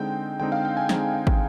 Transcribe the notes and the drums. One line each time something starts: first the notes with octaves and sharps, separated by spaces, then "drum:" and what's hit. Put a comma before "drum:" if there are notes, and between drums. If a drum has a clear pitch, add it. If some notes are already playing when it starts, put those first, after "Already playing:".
Already playing: D3 G#3 C4 D#4 G5
D3 G#3 C4 D#4 G5
F5
G5
G#5
D3 G#3 C4 D#4 G5, drum: snare
F5
drum: kick